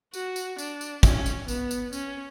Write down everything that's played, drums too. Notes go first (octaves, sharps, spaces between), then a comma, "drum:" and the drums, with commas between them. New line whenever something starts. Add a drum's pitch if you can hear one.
F#4, drum: tambourine
drum: tambourine
D4, drum: tambourine
drum: tambourine
C#4, drum: kick, tambourine
drum: tambourine
B3, drum: tambourine
drum: tambourine
C#4, drum: tambourine